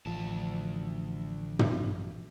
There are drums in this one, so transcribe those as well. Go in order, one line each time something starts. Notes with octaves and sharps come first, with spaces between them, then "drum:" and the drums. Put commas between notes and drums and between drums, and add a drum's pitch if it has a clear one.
A1 D2 F3 A5
drum: tom